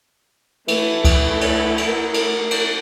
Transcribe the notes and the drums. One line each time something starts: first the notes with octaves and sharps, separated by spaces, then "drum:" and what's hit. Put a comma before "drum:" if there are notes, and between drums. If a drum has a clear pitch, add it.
E3 A3 E4, drum: cymbal
drum: kick C#2, cymbal
drum: cymbal
drum: cymbal
A#4
drum: cymbal
drum: cymbal